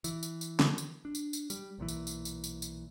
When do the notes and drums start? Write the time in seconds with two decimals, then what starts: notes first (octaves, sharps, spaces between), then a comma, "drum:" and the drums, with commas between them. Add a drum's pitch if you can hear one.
0.04 E3, drum: tambourine
0.23 drum: tambourine
0.41 drum: tambourine
0.60 drum: snare
0.78 drum: tambourine
1.05 D4
1.15 drum: tambourine
1.33 drum: tambourine
1.50 G3, drum: tambourine
1.78 B1 A#2 D#3 E3
1.88 drum: tambourine
2.07 drum: tambourine
2.25 drum: tambourine
2.44 drum: tambourine
2.62 drum: tambourine